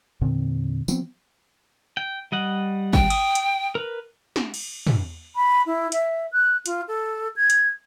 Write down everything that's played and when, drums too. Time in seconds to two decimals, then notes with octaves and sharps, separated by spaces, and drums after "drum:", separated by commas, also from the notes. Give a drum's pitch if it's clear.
0.21 E2 A#2 D3 C4
0.88 F3 B3 C4, drum: tambourine
1.97 G5
2.32 G3 D#5 F#5
2.93 G5, drum: kick
3.10 D#6, drum: cymbal
3.35 drum: hi-hat
3.75 A#4 B4
4.36 drum: snare
4.54 drum: cymbal
4.87 drum: tom
5.36 B5
5.66 E4
5.92 E5, drum: hi-hat
6.32 F#6
6.66 F4, drum: hi-hat
6.88 A4
7.36 G#6
7.50 drum: hi-hat